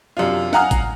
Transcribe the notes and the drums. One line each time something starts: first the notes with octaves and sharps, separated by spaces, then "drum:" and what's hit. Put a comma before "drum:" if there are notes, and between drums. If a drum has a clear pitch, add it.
F#2 C3 D4 F4
F5 F#5 G#5 A#5 D#6 F6, drum: snare D4
drum: kick G#1, hi-hat